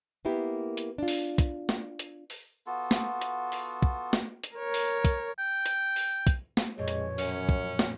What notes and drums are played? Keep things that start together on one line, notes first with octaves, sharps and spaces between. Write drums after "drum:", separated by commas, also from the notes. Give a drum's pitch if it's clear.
A#3 B3 E4 G4
drum: hi-hat
D4 F4
drum: open hi-hat
drum: kick, hi-hat
drum: snare
drum: hi-hat
drum: open hi-hat
B3 F4 F#4 A4
drum: snare
drum: hi-hat
drum: open hi-hat
drum: kick
drum: snare
drum: hi-hat
A#4 C#5
drum: open hi-hat
drum: kick, hi-hat
G5
drum: hi-hat
drum: open hi-hat
drum: kick, hi-hat
drum: snare
A1 F2 A#2 G#3 C#5
drum: hi-hat
F#2 C#4, drum: open hi-hat
drum: kick
drum: snare